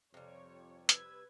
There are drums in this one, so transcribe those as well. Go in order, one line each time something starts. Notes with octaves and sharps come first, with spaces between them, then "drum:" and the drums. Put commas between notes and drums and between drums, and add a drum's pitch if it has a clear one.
F2 C3 G3 C#5
B4 E6 G#6, drum: hi-hat